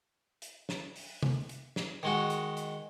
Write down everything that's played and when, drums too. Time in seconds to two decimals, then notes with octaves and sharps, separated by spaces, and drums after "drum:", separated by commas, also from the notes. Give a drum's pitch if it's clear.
0.42 drum: hi-hat
0.69 drum: snare
0.96 drum: open hi-hat
1.23 drum: tom
1.49 drum: hi-hat
1.76 drum: snare
2.03 D#3 G#3 F#4
2.30 drum: hi-hat
2.57 drum: hi-hat